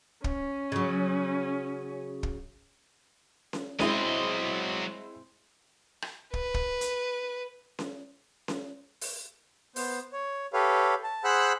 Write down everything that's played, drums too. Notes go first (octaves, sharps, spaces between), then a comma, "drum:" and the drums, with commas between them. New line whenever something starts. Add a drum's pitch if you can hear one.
C#4, drum: kick
C#3 F#3
drum: kick
drum: snare C#4
F#3 G#3 C4 E4 D#5, drum: snare C#4
drum: rim click
B4, drum: kick
drum: kick
drum: hi-hat
drum: snare C#4
drum: snare C#4
drum: open hi-hat
B3 C5, drum: open hi-hat
C#5
G4 A4 B4 C#5 F5
A5
G#4 C5 F#5 B5 E6 F#6